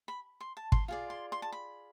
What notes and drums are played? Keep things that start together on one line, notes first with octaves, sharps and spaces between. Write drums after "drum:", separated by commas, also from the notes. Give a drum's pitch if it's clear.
B5
C6
A5
C6, drum: kick
F4 G#4 D5
C6
C6
A5
B5